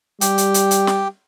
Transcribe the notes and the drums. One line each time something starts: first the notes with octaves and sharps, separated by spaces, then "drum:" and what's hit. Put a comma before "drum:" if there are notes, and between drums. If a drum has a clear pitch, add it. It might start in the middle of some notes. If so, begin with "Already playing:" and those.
G3 G4 G5, drum: hi-hat
drum: hi-hat
drum: hi-hat
drum: hi-hat
drum: snare